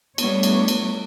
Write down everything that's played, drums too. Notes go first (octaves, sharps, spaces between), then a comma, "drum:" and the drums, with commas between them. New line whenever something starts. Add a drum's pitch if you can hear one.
G3 A3 B3 D4 C#5, drum: cymbal
drum: cymbal
drum: cymbal